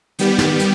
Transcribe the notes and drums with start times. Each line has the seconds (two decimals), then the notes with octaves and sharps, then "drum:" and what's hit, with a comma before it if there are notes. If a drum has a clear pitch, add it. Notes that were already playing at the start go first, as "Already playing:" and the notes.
0.19 D#3 G3 B3 G4, drum: hi-hat
0.39 drum: snare
0.59 drum: hi-hat